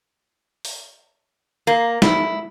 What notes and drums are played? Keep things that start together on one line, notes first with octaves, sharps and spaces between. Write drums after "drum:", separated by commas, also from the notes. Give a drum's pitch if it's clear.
drum: open hi-hat
A#3
E4, drum: snare